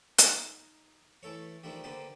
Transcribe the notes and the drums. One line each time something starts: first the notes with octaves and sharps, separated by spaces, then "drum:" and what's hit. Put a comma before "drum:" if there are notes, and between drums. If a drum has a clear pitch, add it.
D#4, drum: hi-hat
E3 A3 A4 C#5
D#3 F3 G3 A3 D4 G4
D3 A#3 G4 B4 C5 D5